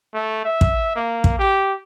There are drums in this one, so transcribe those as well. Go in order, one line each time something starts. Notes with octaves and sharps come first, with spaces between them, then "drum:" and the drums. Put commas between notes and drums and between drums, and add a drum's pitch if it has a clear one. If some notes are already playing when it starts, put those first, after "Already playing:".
A3
E5
drum: kick
A#3
drum: kick
G4